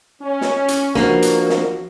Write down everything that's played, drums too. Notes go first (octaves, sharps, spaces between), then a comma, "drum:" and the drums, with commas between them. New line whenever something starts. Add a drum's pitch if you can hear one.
C#4
drum: snare
drum: hi-hat
F3 A#3 D4 F#4 B4, drum: snare
drum: hi-hat
drum: snare